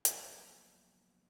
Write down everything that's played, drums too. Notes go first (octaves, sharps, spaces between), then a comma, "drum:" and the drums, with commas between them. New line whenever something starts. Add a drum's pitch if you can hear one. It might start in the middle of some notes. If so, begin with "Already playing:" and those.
C#3 F3 F#3 A#3 B3 D4, drum: hi-hat